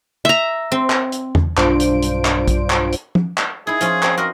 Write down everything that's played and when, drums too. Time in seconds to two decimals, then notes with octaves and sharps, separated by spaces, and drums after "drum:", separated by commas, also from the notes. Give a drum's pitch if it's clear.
0.25 E5 A#5
0.72 C4
0.90 drum: clap
1.12 drum: hi-hat
1.35 drum: tom E2
1.57 B1 G2 D4 F4 C5 D7, drum: clap
1.80 drum: hi-hat
2.02 drum: hi-hat
2.25 drum: clap
2.48 drum: kick A#1, hi-hat
2.70 drum: clap
2.93 drum: hi-hat
3.15 drum: tom
3.38 drum: clap
3.67 D#4 E4 G#4
3.81 F3 C#4 F4, drum: hi-hat
4.03 C4, drum: clap
4.18 F#4 A#4 C5 D#5